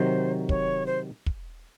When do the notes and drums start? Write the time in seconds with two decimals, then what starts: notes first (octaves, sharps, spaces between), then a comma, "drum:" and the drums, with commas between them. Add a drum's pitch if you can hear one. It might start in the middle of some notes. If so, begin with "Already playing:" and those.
Already playing: C3 D#3 F#3 C5
0.49 C#5, drum: kick
0.86 C5
1.26 drum: kick